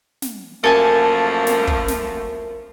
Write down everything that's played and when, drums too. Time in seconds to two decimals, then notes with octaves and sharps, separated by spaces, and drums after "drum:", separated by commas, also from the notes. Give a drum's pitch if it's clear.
0.22 drum: snare
0.64 F#2 F3 A3 A#3 A4 A#4 G#5 A5
1.47 drum: snare
1.67 drum: kick
1.88 drum: snare